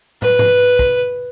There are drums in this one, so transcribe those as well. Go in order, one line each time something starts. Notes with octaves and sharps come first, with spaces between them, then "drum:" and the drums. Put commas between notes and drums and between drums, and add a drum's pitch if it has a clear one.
B4, drum: tom
drum: tom G#2
drum: kick